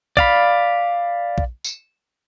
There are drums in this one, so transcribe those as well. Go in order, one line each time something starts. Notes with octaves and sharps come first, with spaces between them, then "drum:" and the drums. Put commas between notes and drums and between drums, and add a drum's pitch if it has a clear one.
D5 F5 B5, drum: kick A#1
drum: kick A#1
drum: tambourine